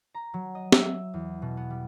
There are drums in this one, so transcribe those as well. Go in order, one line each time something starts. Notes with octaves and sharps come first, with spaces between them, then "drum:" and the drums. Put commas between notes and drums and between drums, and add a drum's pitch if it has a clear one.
A#5
F#3
D#5
E5, drum: snare
E2
B2
B3
G3